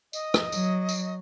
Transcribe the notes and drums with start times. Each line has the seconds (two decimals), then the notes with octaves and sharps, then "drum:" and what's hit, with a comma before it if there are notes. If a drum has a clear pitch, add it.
0.13 D#5, drum: tambourine
0.34 drum: rim click
0.52 F#3, drum: tambourine
0.89 drum: tambourine